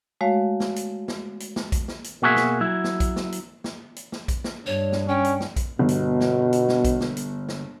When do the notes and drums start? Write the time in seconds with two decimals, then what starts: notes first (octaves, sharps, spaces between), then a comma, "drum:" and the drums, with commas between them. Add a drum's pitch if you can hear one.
0.21 G#3 A3 F#4 C#5 F5
0.60 drum: snare
0.76 drum: hi-hat
1.08 drum: snare
1.40 drum: hi-hat
1.56 drum: snare
1.72 drum: kick A#1, hi-hat
1.88 drum: snare
2.04 drum: hi-hat
2.22 B2 A#3 F#4 G#4 A4 E5
2.36 drum: snare
2.60 F#3 E4
2.84 drum: snare
3.00 drum: kick A#1, hi-hat
3.16 drum: snare
3.32 drum: hi-hat
3.64 drum: snare
3.96 drum: hi-hat
4.12 drum: snare
4.28 drum: kick A#1, hi-hat
4.44 drum: snare
4.66 G2 D4 C#5
4.92 drum: snare
5.08 C#4 G5
5.24 drum: hi-hat
5.40 drum: snare
5.56 drum: kick A#1, hi-hat
5.79 G1 B2
5.88 drum: hi-hat
6.20 drum: snare
6.53 drum: hi-hat
6.69 drum: snare
6.85 drum: kick A#1, hi-hat
7.01 drum: snare
7.17 drum: hi-hat
7.49 drum: snare